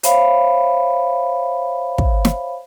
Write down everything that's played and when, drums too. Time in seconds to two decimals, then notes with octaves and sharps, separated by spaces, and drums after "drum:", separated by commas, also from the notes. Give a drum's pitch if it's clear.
0.03 C5 C#5 E5 F5 B5, drum: hi-hat
1.98 drum: kick
2.25 drum: snare